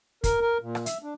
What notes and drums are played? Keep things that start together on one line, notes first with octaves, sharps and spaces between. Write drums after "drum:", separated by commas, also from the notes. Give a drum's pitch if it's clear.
A#4, drum: kick, hi-hat
A#4
A#2
drum: rim click
E5, drum: hi-hat
D4